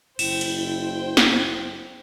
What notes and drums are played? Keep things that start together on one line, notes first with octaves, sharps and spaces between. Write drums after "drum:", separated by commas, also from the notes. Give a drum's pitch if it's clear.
F#1 E4 C5 G5 E7, drum: cymbal
drum: cymbal
drum: snare